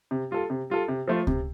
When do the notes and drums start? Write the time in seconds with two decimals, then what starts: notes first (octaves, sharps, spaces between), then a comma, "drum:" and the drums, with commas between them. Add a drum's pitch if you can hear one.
0.11 C3
0.31 G3 F4 A4
0.50 C3
0.70 G3 F4 A4
0.88 C3
1.08 F3 A3 F4
1.27 C3, drum: kick C#2